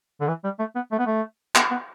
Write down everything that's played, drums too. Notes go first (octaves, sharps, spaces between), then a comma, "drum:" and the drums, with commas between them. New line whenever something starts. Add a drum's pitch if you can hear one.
D3
E3
G3
A3
B3
A3
B3
A3
B3, drum: clap
B3